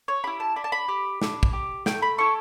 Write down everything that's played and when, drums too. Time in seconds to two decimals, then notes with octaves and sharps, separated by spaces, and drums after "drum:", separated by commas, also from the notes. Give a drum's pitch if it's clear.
0.08 C#5
0.24 E4 G4 B5
0.40 A5
0.56 D4 B5
0.64 A5
0.72 B5
0.88 G4
1.22 D4, drum: snare
1.43 drum: kick
1.53 G4
1.86 A3 G5, drum: snare
2.02 B5
2.18 E4 A4 C#6